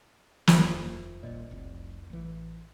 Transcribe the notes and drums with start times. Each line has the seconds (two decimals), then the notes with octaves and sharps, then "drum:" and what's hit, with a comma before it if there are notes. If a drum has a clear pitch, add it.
0.47 F1 D#2 F4 C5 E5, drum: snare
1.23 D#1 A#1 A#2 D5 D#5
1.51 F1 C2
2.10 A1 E3